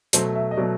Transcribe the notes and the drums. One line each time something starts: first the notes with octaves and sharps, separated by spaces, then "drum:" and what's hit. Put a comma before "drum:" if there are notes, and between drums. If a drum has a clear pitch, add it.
B2 F#3 A3 C5, drum: hi-hat
E5
D#5
B2 F#3 A3 D5